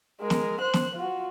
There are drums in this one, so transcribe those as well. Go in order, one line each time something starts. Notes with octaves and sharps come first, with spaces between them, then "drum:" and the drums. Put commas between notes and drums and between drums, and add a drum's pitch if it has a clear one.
G#3 A#4
drum: snare
C5 F#6
drum: snare
F4 F#4